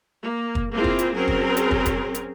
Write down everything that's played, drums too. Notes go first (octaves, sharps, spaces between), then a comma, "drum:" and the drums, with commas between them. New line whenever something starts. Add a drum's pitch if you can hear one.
A#3
drum: kick
A#3 C4 E4 F4 G#4
drum: kick
drum: hi-hat
F#3 C4 C#4 G#4 A#4
drum: kick
drum: hi-hat
drum: kick
drum: kick, hi-hat
drum: hi-hat